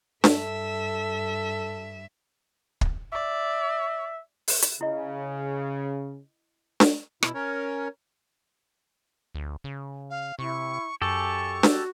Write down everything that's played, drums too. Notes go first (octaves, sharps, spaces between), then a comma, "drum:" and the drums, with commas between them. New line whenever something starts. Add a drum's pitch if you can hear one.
G2 A4 E5, drum: snare D4
drum: kick
D5 E5
drum: open hi-hat
drum: hi-hat
C#3 E4 D#5
drum: snare D4
B2 E4, drum: rim click
C#4 A#4 C#5
D2
C#3
F5
C3 E4 C#6
F#2 G4 A4 G#5 C#6
F#4, drum: snare D4